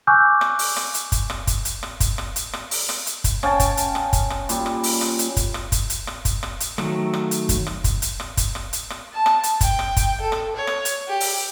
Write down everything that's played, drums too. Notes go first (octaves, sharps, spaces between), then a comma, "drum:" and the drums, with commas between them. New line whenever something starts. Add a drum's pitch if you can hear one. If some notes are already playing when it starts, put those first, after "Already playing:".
G#5 C#6 D6 E6 F#6 G6
drum: rim click
drum: open hi-hat
drum: rim click
drum: hi-hat
drum: kick, hi-hat
drum: rim click
drum: kick, hi-hat
drum: hi-hat
drum: rim click
drum: kick, hi-hat
drum: rim click
drum: hi-hat
drum: rim click
drum: open hi-hat
drum: rim click
drum: hi-hat
drum: kick, hi-hat
C#4 F5 G5 A5, drum: rim click
drum: kick, hi-hat
drum: hi-hat
drum: rim click
drum: kick, hi-hat
drum: rim click
A#2 G3, drum: hi-hat
drum: rim click
drum: open hi-hat
drum: rim click
drum: hi-hat
drum: kick, hi-hat
drum: rim click
drum: kick, hi-hat
drum: hi-hat
drum: rim click
drum: kick, hi-hat
drum: rim click
drum: hi-hat
D#3 F#3 A3, drum: rim click
drum: rim click
drum: hi-hat
drum: kick, hi-hat
drum: rim click
drum: kick, hi-hat
drum: hi-hat
drum: rim click
drum: kick, hi-hat
drum: rim click
drum: hi-hat
drum: rim click
A5
drum: rim click
drum: hi-hat
G5, drum: kick, hi-hat
drum: rim click
drum: kick, hi-hat
A4
drum: rim click
C#5
drum: rim click
drum: hi-hat
G4
drum: open hi-hat